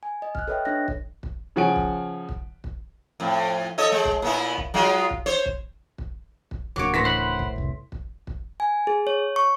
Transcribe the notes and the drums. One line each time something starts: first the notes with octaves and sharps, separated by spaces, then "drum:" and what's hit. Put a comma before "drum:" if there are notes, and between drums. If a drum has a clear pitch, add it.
G#5
D#5
F6 F#6, drum: kick
A4 B4 C#5 D#5 E5 G5
D4 C#5 F#6 A#6
drum: kick
drum: kick
C#3 F3 C#5 F#5 G#5 D7
drum: kick
drum: kick
drum: kick
F2 A2
A4 C#5 D#5
G#3
drum: kick
A#2 B3 E4
drum: kick
F#3 G#3 F4
drum: kick
C5 C#5
drum: kick
drum: kick
drum: kick
D1 C#3 F#3 A#3 D4 C#5 D6 D7
A2 E3 A3 C6 A#6 B6
E4 C5 F#5 B5
drum: kick
F1 C2
drum: kick
drum: kick
G#5
G#4
C#5
C#6